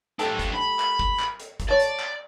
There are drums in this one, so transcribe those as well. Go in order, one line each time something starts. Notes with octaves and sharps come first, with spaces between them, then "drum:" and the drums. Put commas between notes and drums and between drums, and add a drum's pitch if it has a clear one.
F3 A3 D4 G4 A4, drum: hi-hat
drum: kick, hi-hat
B5
drum: clap
drum: kick
drum: clap
drum: hi-hat
drum: kick, hi-hat
C#5 D5 A5
drum: hi-hat
drum: clap